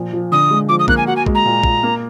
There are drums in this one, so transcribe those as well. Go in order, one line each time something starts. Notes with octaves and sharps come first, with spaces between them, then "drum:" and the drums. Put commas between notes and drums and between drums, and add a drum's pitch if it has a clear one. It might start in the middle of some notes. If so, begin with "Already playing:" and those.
Already playing: A#2 F3
F3
D3 D#6
G#3
F3 D6
D#6
A#3 F#6, drum: kick A#1
G#5
F#4 F#5
G#5
G#3, drum: kick A#1
A#5
A#2
A#2, drum: kick A#1
A#3